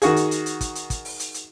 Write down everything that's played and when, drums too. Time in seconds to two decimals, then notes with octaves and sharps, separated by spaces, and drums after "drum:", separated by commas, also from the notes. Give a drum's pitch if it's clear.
0.02 D#3 F#4 G#4, drum: hi-hat
0.16 drum: hi-hat
0.31 drum: hi-hat
0.46 drum: hi-hat
0.61 drum: kick, hi-hat
0.75 drum: hi-hat
0.90 drum: kick, hi-hat
1.05 drum: open hi-hat
1.20 drum: hi-hat
1.34 drum: hi-hat